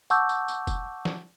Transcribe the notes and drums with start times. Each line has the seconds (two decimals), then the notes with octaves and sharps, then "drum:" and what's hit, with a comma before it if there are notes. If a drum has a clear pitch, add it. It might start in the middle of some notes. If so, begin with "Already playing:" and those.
0.10 F#5 A5 C#6 D6 E6 G6, drum: tambourine
0.29 drum: tambourine
0.48 drum: tambourine
0.67 drum: kick, tambourine
1.05 drum: snare F3